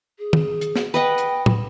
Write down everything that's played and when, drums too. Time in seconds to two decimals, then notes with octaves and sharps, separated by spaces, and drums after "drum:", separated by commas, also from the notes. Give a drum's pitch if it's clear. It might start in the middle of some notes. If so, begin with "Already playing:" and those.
0.19 G#4
0.33 drum: tom
0.61 drum: hi-hat
0.76 drum: snare
0.94 B4 D#5 F#5 G5
1.18 drum: hi-hat
1.46 drum: tom